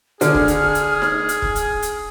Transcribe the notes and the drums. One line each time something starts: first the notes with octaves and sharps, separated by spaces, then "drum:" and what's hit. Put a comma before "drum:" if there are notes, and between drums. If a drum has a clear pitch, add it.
D3 G#4 F6, drum: hi-hat
drum: kick
drum: hi-hat
drum: hi-hat
drum: snare D#4
drum: hi-hat
drum: kick
drum: hi-hat
drum: hi-hat